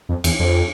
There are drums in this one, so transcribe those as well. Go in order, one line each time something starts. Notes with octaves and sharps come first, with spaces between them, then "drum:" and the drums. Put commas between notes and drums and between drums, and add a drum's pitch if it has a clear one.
F2
E2, drum: cymbal
F2